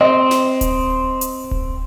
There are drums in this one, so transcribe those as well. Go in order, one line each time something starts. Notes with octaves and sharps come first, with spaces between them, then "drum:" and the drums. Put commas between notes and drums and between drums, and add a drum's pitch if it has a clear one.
C4 D#5
drum: snare
drum: kick D1, hi-hat
drum: hi-hat
drum: kick D1